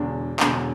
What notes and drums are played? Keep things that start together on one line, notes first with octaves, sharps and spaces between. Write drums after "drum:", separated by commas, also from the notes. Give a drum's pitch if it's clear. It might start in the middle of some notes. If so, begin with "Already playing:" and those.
Already playing: E1 E2 D3 D4
E1 E2 D3, drum: clap